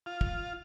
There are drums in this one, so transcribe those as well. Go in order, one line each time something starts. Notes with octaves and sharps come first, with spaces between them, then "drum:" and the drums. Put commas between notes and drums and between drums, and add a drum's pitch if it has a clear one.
F4
drum: kick